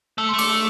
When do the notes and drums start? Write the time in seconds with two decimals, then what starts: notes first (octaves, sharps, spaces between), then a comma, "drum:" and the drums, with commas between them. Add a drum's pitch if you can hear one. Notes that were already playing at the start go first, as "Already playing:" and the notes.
0.18 A3 E6
0.29 C6
0.33 A3
0.38 D6, drum: cymbal
0.48 E6